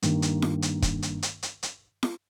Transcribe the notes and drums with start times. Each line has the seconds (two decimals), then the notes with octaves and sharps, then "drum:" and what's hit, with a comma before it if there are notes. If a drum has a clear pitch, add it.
0.02 G2 D#3 A#3, drum: hi-hat
0.22 drum: hi-hat
0.42 drum: snare
0.62 drum: hi-hat
0.82 drum: kick, hi-hat
1.02 drum: hi-hat
1.22 drum: hi-hat
1.43 drum: hi-hat
1.63 drum: hi-hat
2.03 drum: snare